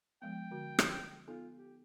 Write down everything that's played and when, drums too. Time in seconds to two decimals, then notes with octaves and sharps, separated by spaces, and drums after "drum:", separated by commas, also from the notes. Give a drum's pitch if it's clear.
0.22 F3 G#3 B3 G5
0.51 D3 F#4
0.79 drum: rim click
1.28 B3 D#4 F4 A4
1.58 G4